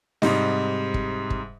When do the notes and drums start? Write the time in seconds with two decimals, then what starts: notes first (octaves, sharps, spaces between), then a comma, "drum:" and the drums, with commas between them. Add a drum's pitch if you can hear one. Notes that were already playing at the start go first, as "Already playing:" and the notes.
0.22 G#2 C3 G3 D#4, drum: snare C4
0.94 drum: kick
1.30 drum: kick